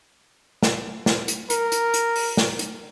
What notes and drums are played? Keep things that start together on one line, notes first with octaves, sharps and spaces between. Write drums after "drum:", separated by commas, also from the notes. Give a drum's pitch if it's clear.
drum: snare
drum: snare
drum: hi-hat
A#4, drum: hi-hat
drum: hi-hat
drum: hi-hat
drum: open hi-hat
drum: snare
drum: hi-hat